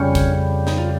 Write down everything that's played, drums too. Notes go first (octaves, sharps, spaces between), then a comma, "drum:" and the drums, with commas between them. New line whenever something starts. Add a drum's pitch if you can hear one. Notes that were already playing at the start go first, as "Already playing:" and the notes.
Already playing: F2 C#3 G3 C#4
drum: kick, hi-hat
D#4, drum: snare
F4